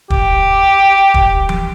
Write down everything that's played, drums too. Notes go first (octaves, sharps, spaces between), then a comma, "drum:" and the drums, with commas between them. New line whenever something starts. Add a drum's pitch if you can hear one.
G4, drum: kick
drum: kick
drum: tom F3